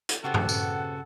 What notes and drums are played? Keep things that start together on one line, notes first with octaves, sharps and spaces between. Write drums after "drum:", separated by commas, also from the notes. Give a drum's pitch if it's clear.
drum: hi-hat
C#3 B3 C4 F#4 G4 A4 F#5
drum: tom G2
drum: tambourine